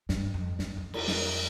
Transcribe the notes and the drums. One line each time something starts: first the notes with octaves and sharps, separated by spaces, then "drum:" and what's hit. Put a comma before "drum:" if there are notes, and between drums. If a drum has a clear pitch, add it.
G2, drum: snare
F2
G2, drum: snare
F2
F2, drum: cymbal
drum: snare